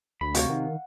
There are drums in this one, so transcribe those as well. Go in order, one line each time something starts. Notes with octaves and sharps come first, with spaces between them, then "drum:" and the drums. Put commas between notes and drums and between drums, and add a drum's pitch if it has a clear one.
D2 B5
C3 F#4 A#4 C#5 F5, drum: hi-hat
D#3 F#5